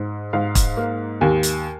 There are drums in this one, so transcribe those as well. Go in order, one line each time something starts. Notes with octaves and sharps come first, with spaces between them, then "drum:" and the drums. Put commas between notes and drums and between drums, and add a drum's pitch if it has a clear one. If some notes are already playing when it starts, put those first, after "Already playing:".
Already playing: G#2
G#2 F5
drum: kick, hi-hat
A#3
D#2 G#5
drum: hi-hat